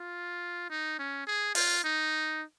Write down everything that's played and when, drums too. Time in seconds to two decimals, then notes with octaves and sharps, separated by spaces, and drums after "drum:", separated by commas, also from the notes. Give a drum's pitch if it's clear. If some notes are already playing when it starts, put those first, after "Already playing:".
Already playing: F4
0.70 D#4
0.99 C#4
1.27 G#4
1.55 F4, drum: open hi-hat
1.84 D#4